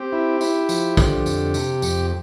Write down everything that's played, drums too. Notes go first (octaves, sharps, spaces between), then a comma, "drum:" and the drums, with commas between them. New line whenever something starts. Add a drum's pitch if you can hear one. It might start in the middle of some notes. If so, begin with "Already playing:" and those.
Already playing: C4 G4
E4
E4, drum: tambourine
F3, drum: tambourine
D3, drum: kick, tambourine
F2, drum: tambourine
C3, drum: tambourine
F2, drum: tambourine